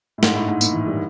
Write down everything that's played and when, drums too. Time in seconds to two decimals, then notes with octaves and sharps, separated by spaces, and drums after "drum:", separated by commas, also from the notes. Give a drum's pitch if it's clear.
0.18 A2
0.23 G#2, drum: snare
0.35 A2
0.48 G#2
0.61 A#2, drum: tambourine
0.73 E3
0.87 G3